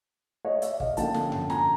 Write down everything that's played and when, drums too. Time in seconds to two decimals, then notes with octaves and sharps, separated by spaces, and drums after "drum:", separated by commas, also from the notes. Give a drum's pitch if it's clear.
0.45 C#5 D#5
0.62 D5 E5, drum: hi-hat
0.80 D#5 F5, drum: kick
0.97 D3 F3 A#3 C#4 G5 A5, drum: hi-hat
1.14 drum: snare
1.32 drum: tom F#2
1.50 G#5 A#5, drum: snare